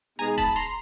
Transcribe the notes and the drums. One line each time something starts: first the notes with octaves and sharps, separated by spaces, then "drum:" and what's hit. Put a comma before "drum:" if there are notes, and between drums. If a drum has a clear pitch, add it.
B2 G#3 B3 D#4 G#4 G#5 A#5
A5 B5, drum: kick D#1
A#5 C6, drum: hi-hat